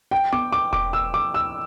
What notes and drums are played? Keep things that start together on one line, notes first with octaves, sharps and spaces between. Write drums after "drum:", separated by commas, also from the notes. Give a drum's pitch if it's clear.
G5
D6, drum: tom B3
D6
D6, drum: kick E1
E6
D6
E6